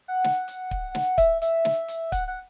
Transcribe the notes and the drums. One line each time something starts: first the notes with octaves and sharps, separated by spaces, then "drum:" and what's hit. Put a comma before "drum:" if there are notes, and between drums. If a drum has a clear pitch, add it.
F#5
drum: snare
drum: hi-hat
drum: kick C#1
drum: snare
E5, drum: kick C#1, hi-hat
E5, drum: hi-hat
drum: snare
drum: hi-hat
F#5, drum: kick C#1, hi-hat
F#5